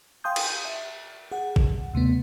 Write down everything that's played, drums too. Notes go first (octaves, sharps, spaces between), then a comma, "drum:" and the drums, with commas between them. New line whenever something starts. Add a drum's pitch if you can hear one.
F5 G5 G#5 C6 D#6 G6
drum: cymbal
E5
G#4 F#5
drum: kick G#1
D#2 C3 A3 B3